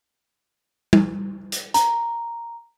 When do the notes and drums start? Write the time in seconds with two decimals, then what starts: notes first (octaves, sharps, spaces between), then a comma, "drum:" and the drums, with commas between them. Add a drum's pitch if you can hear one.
0.93 drum: tom G3
1.52 drum: hi-hat
1.74 A#5, drum: hi-hat